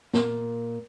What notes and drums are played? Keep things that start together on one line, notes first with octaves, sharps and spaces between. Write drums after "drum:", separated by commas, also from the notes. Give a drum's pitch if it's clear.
A#2 A#3, drum: snare